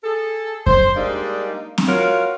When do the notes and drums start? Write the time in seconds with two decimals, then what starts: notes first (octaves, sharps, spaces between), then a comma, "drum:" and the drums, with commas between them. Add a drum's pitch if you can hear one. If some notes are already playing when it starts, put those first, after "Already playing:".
0.04 G#4 A4
0.67 C5, drum: kick F2
0.96 G3 G#3 A#3 D4 D#4
1.78 drum: snare C4
1.87 F4 F#4 A#4 C#5 F5